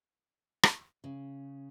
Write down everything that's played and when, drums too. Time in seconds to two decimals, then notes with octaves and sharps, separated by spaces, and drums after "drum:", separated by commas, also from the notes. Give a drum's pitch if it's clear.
0.63 drum: rim click
1.04 C#3